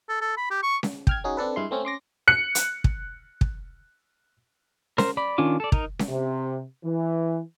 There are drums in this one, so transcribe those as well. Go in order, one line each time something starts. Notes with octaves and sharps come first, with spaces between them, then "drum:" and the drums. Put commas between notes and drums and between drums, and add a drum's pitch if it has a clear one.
A4
A4
B5
G4
C#6
drum: snare C#4
G5 F6 G#6, drum: kick
C#4 D#4 F#4 G#4
C4 D4 A4 B4
G2 G#3 E4 C6
A3 C4 C#4
C#4 C6 D6 A#6
F#6 C#7
drum: hi-hat
drum: kick
drum: kick
A#4 C5, drum: snare C#4
D5 B5
D#3 C#4 D4 F4 D6
A4 D5
D#4 A#4, drum: kick
drum: snare C#4
C3
E3